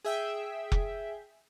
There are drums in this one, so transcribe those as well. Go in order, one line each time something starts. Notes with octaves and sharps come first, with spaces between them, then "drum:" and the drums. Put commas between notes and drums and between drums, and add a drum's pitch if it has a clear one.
G#4 E5 G5
drum: kick F1